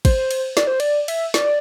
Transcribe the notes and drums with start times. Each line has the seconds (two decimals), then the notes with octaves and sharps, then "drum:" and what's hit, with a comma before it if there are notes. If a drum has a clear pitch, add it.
0.05 C5, drum: kick, cymbal
0.31 drum: cymbal
0.57 D5, drum: snare
0.67 C5
0.80 D5, drum: cymbal
1.08 E5, drum: cymbal
1.34 D5, drum: snare